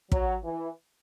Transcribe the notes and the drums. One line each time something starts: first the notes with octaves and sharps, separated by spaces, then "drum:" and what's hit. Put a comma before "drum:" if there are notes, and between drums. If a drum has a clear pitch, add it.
F#3, drum: kick
E3